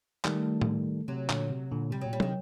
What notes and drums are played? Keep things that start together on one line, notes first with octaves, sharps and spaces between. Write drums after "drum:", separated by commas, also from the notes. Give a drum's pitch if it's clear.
D#3 G3 A3, drum: clap
drum: tom A2
C3 F#3
A#2 D3, drum: clap
C3
A#2 D3
C3 G3
F#3
A#2
G3
C3 D#3, drum: tom